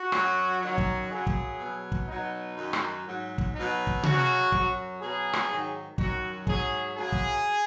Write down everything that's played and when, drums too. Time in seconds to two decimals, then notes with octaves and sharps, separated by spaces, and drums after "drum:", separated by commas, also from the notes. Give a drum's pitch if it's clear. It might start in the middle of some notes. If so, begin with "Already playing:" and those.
Already playing: F#4
0.12 F#2 F#3, drum: rim click
0.61 F#2 D#3 F#3
0.78 drum: kick
1.10 F#2 C#3 F#3 G#4
1.27 drum: kick
1.59 B2 F#3
1.92 drum: kick
2.07 B2 F#3 D#4
2.56 F#2 D#3 F#3
2.73 drum: rim click
3.05 G#2 F#3
3.38 drum: kick
3.54 B2 F#3 D#4
3.87 drum: kick
4.03 F#2 C#3 F#3 F#4, drum: tom C3
4.52 F#2 F#3, drum: kick
5.01 B2 F#3 G#4
5.33 drum: rim click
5.50 G#2 D#3 F#3
5.98 F#2 D#3 F#3 F#4, drum: kick
6.47 G#2 F#3 G#4, drum: kick
6.96 F#2 C#3 F#3 G#4
7.12 drum: kick